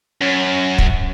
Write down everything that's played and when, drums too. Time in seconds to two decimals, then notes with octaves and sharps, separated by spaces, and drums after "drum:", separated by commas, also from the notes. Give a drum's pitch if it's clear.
0.21 F#2 C#4
0.78 drum: kick